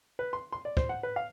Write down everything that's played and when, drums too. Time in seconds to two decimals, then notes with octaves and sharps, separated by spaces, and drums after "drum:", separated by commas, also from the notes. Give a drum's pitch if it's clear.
0.19 B4
0.33 C6
0.52 C6
0.65 D5
0.77 C5, drum: kick
0.89 F#5
1.03 B4
1.16 F5